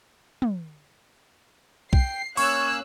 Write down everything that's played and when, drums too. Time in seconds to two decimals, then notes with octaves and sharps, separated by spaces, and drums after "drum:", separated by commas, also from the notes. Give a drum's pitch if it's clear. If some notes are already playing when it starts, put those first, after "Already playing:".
0.42 drum: tom
1.93 G5 C7, drum: kick B1
2.37 A#3 C#4 C#5 F5 C#6 E6 F#6 G#6, drum: open hi-hat